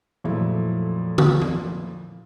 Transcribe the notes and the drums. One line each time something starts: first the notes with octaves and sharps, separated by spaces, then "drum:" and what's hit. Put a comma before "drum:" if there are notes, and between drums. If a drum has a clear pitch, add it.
F2 A#2 F3 F#3 A3 E4
drum: tom
drum: tom E3